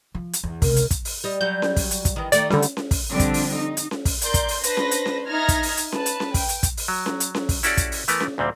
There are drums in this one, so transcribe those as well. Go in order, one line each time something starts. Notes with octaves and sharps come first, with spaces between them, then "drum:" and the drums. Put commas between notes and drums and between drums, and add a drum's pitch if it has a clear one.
F3
drum: hi-hat
E2
C#2 C3 A#4, drum: kick, open hi-hat
drum: hi-hat
drum: kick, hi-hat
drum: open hi-hat
G3 D#5
F#3 G3 G6
drum: snare C#4
drum: kick, open hi-hat
drum: hi-hat
drum: kick, hi-hat
D#3 E3
D#3 A3 D5, drum: hi-hat
D3 G3, drum: snare C#4
drum: hi-hat
drum: snare C#4
drum: kick, open hi-hat
D3 F3 G3 C4 D4
drum: kick, hi-hat
drum: open hi-hat
D#4
drum: hi-hat
drum: snare C#4
drum: kick, open hi-hat
A#4 D5 C6 G6, drum: hi-hat
drum: kick, hi-hat
drum: open hi-hat
D4 B4 C5 A#6, drum: hi-hat
drum: snare C#4
drum: hi-hat
drum: snare C#4
D#4 E5 F6 G#6 A#6
drum: kick, hi-hat
drum: open hi-hat
drum: hi-hat
B4 A5, drum: snare C#4
drum: hi-hat
drum: snare C#4
G5, drum: kick, open hi-hat
drum: hi-hat
drum: kick, hi-hat
drum: open hi-hat
F#3
drum: snare C#4
drum: hi-hat
drum: snare C#4
drum: kick, open hi-hat
C#4 E4 F#4 G4 A4 D5, drum: hi-hat
drum: kick, hi-hat
drum: open hi-hat
E3 A3 B3 A#4 B4, drum: hi-hat
drum: snare C#4
D2 A#2 G3 C4